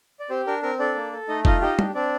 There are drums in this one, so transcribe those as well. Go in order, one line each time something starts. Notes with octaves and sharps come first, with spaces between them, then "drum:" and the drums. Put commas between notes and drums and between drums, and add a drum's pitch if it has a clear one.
D5
C4 G4 C5
D4 A#4
C4 A#4
D4 A4 D5
A#3
A4
A3 D#4 D#5
D#4 F4 D#5, drum: kick F1
D#4 G4 D#5
D4, drum: tom
C4 D4 D5